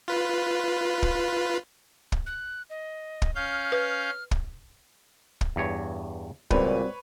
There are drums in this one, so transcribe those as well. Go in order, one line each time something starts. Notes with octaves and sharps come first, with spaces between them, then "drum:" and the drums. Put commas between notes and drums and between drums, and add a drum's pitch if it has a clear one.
F4 B4
drum: kick
drum: kick
F#6
D#5
drum: kick
C#4 F5 F6 G6
B4
drum: kick
drum: kick
E2 G2 C#5
C#2 A#2 G3 C4 F#4 B4 C#5, drum: kick